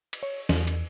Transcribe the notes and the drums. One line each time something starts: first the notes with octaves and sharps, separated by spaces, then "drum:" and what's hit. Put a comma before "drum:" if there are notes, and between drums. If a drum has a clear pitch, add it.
drum: cymbal
C#5
E2, drum: snare
drum: cymbal